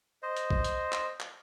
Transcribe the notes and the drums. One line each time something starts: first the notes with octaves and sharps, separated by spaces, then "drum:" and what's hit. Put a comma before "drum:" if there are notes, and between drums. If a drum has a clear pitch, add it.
C5 D#5
drum: hi-hat
drum: kick A#1
drum: hi-hat
drum: clap
drum: clap